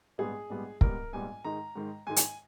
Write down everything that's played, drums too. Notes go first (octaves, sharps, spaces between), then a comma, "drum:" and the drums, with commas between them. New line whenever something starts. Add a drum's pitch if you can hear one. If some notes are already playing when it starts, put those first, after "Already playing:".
A#1 G#2 G3 B3 G#4
A#1 G#2 G3 B3
A#1 G#2 G3 B3 A#4, drum: kick
A#1 G#2 G3 B3 G#5
G#2 D#3 G#3 D#4 A#5
G#2 D#3 G#3 D#4
G#2 D#3 G#3 D#4 G#5
drum: hi-hat